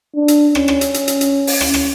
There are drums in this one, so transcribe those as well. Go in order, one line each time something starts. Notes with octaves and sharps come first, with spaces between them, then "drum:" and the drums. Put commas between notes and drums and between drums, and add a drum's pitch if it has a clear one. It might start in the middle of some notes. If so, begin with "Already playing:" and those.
D4
drum: hi-hat
C#4, drum: rim click
drum: rim click
drum: hi-hat
drum: hi-hat
drum: hi-hat
drum: hi-hat
drum: open hi-hat
drum: rim click
drum: rim click